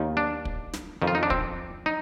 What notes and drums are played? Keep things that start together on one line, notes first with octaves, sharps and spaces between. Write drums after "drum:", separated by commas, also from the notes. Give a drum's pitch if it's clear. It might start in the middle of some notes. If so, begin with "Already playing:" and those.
Already playing: D#2 D#3
D4
drum: kick
drum: snare
F2 D#3
F4
D#4
D4
C4, drum: kick
D#4